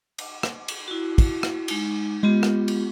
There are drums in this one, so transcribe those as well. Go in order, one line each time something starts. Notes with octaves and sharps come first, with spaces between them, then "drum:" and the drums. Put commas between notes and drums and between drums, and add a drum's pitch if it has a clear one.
drum: cymbal
drum: rim click
drum: cymbal
E4 F#4
drum: kick, cymbal
drum: rim click
G#3 D#4, drum: cymbal
G#3 B3 F4 G4
drum: rim click
drum: cymbal